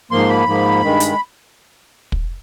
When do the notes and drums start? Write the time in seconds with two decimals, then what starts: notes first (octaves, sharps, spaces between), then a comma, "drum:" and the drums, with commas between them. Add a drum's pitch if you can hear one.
0.11 G#2 F3 A#3 C6
0.29 B5
0.46 G#2 F3 A#3
0.82 G2 D#3 G#3
1.00 drum: hi-hat
2.12 drum: kick